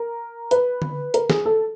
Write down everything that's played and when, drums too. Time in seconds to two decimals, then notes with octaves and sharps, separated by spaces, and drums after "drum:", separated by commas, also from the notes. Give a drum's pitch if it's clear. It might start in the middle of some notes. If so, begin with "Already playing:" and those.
Already playing: A#4
0.51 B4, drum: hi-hat
0.82 drum: tom D3
1.14 A#4, drum: hi-hat
1.30 G#4, drum: snare
1.46 A4